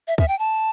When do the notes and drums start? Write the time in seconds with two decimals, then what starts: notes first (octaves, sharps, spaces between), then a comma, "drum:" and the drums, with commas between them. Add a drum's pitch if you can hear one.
0.08 E5
0.18 E5, drum: kick
0.28 G5
0.39 A5